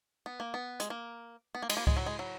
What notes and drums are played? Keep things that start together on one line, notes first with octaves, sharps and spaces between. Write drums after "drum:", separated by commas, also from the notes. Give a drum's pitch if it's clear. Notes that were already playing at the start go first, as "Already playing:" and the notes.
B3
A#3
B3
G#3, drum: hi-hat
A#3
B3
A#3
G#3, drum: cymbal
A#3
G#3, drum: kick C#2
F#3
G#3
F#3